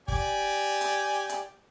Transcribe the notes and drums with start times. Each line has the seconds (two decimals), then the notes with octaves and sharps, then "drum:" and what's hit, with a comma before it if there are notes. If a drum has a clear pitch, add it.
0.08 G4 D5 G#5, drum: kick
0.81 drum: hi-hat
1.29 drum: hi-hat